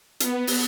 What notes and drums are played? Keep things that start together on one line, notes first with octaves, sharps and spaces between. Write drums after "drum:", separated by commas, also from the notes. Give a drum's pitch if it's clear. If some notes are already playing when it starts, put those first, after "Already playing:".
B3, drum: hi-hat
drum: open hi-hat